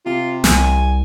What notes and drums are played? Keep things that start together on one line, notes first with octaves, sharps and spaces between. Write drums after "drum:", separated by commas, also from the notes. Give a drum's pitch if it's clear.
C3 F4
C2 G#5, drum: snare